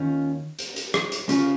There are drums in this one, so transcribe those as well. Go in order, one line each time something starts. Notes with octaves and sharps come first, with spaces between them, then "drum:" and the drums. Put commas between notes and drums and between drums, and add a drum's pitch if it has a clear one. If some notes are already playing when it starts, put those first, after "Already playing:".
Already playing: D#2 D#3 C#4 F4
drum: hi-hat
drum: hi-hat
drum: rim click
drum: hi-hat
C#3 C#4 F4, drum: hi-hat